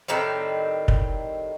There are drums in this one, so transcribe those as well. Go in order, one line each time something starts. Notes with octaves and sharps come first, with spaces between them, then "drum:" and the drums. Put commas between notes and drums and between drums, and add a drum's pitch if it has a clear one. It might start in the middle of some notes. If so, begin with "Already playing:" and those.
A2 D#3 G3 C4
drum: kick